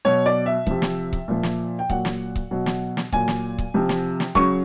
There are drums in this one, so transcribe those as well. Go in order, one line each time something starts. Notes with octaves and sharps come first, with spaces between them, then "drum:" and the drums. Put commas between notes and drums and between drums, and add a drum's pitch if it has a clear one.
B2 F#3 C#5
D5
E5
C3 F3, drum: kick C#1
drum: snare
drum: kick C#1
A#2 F3
drum: snare
G5
A#2 F#3 F#5, drum: kick C#1
drum: snare
drum: kick C#1
B2 F#3
drum: snare
drum: snare
A#2 F#3 G#5, drum: kick C#1
drum: snare
drum: kick C#1
C3 F3
drum: snare
drum: snare
C#3 F#3 C#6, drum: kick C#1